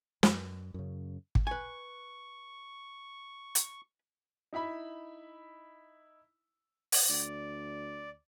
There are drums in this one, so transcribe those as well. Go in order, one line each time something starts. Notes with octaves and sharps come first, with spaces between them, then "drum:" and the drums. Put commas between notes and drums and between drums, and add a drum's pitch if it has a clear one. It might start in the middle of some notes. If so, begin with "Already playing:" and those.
F#2, drum: snare
F#2 C#3
drum: kick
B4 G#5 C#6
drum: hi-hat
D#4 E4 E5 B5
drum: open hi-hat
D2 D5